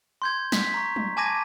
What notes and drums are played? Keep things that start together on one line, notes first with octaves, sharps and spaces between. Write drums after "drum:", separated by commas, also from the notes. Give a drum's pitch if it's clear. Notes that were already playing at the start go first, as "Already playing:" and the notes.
C6 G6 G#6
B6, drum: snare
A#5 C#6
drum: tom F#3
G#5 A5 D6 G#6 A#6 D#7